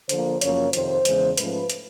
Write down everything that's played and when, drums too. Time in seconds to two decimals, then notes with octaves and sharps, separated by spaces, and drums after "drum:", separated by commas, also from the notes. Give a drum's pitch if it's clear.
0.09 D3 F3 A#3 C5, drum: hi-hat
0.41 F#2 C#3 F3 A#3 C#4 C#5, drum: hi-hat
0.73 F2 C3 D#3 C5, drum: hi-hat
1.05 E2 C#3 E3 G#3, drum: hi-hat
1.38 G#2 F3 A3 C#4 B4, drum: hi-hat
1.70 drum: hi-hat